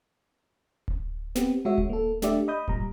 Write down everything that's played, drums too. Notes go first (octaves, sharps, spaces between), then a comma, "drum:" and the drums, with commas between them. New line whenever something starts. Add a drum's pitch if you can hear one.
drum: kick D1
B3 C4 G4, drum: snare
G#3 F#4 C#5 E5
drum: kick D1
A#3 A4
A3 D4 G4 D5 E5, drum: snare
D#5 B5 D#6 G6
G1 A#2 G3 A#5, drum: kick D1